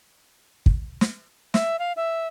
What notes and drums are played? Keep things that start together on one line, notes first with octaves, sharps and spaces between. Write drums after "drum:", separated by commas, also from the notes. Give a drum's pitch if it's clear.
drum: kick
drum: snare
E5, drum: snare
F5
E5